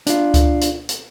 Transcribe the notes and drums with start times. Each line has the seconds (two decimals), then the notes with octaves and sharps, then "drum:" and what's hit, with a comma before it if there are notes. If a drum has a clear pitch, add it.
0.07 D4 F4, drum: hi-hat
0.34 drum: kick C#2, hi-hat
0.61 drum: hi-hat
0.89 drum: hi-hat